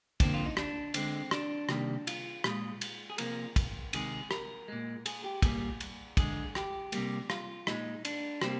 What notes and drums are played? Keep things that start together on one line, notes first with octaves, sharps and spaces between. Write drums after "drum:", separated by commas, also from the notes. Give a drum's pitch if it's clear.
D3 F3 A#3 C4, drum: kick, cymbal
F4
D#4
D4, drum: rim click
D3 G#3 C4, drum: cymbal
D4, drum: rim click
C3 D#3 G3 A#3, drum: rim click
F4, drum: cymbal
A#2 G#3, drum: rim click
drum: cymbal
G#4
C3 F3 A#3 A#4, drum: cymbal
drum: kick, cymbal
C3 D#3 G#3 G#4, drum: cymbal
A#4, drum: rim click
A#2 G#3
G#4, drum: cymbal
G4
A#2 G3 A#3 G#4, drum: kick, cymbal
drum: cymbal
D3 G#3 G#4, drum: kick, cymbal
G4, drum: rim click
C3 G3 A#3, drum: cymbal
F4, drum: rim click
A#2 G#3 D#4, drum: rim click
D4, drum: cymbal
C3 G3 A#3 C4, drum: rim click